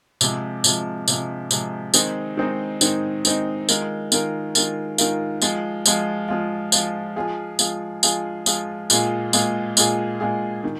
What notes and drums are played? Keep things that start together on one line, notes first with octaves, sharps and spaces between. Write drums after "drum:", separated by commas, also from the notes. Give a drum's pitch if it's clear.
C3 F3 G#3, drum: tambourine
C3 F3 G#3, drum: tambourine
C3 F3 G#3, drum: tambourine
C3 F3 G#3, drum: tambourine
D#3 G#3 C4 D#4, drum: tambourine
D#3 G#3 C4 D#4
D#3 G#3 C4 D#4, drum: tambourine
D#3 G#3 C4 D#4, drum: tambourine
D#3 G#3 F4 A#4, drum: tambourine
D#3 G#3 F4 A#4, drum: tambourine
D#3 G#3 F4 A#4, drum: tambourine
D#3 G#3 F4 A#4, drum: tambourine
F3 G#3 F4, drum: tambourine
F3 G#3 F4, drum: tambourine
F3 G#3 F4
F3 G#3 F4, drum: tambourine
F3 G#3 F4 G#4
F3 G#3 F4 G#4, drum: tambourine
F3 G#3 F4 G#4, drum: tambourine
F3 G#3 F4 G#4, drum: tambourine
A#2 G#3 F4 G#4, drum: tambourine
A#2 G#3 F4 G#4, drum: tambourine
A#2 G#3 F4 G#4, drum: tambourine
A#2 G#3 F4 G#4
D#3